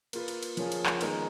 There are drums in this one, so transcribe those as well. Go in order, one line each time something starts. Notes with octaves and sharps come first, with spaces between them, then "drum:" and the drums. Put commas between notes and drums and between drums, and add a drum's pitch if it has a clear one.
A#3 F4 B4, drum: cymbal
drum: cymbal
drum: cymbal
F3 A#3 C#4 F4 G#4, drum: cymbal
drum: cymbal
drum: clap
D#3 G#3 B3 D#4 A#4, drum: cymbal